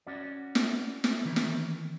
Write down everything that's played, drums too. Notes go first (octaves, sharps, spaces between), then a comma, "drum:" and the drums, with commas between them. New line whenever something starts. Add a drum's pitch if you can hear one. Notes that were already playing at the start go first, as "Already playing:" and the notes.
C#4 F#4 D5
drum: snare
drum: snare
D#3 E3
drum: snare